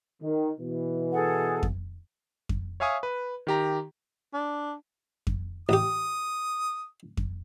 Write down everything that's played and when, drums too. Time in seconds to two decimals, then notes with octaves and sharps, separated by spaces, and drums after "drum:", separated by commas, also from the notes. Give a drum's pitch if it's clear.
0.22 D#3
0.59 B2 E3
1.12 G#4 A4 F#5
1.63 drum: kick F2
2.49 drum: kick F2
2.80 C#5 E5 F5 G#5 C#6 D#6
3.03 B4
3.47 D#3 G4 A#5
4.34 D4
5.27 drum: kick F2
5.69 A1 G4 D#6
7.17 drum: kick F2